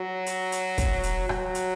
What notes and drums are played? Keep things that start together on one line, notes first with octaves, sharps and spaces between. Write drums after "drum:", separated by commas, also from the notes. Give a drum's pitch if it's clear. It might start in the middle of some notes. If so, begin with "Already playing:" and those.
Already playing: F#3
drum: hi-hat
drum: hi-hat
drum: kick, hi-hat
drum: hi-hat
F#3, drum: rim click
drum: hi-hat